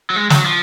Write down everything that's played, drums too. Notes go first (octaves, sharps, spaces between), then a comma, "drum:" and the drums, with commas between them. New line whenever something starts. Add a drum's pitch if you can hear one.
F#3
G#3
F#3, drum: snare
F3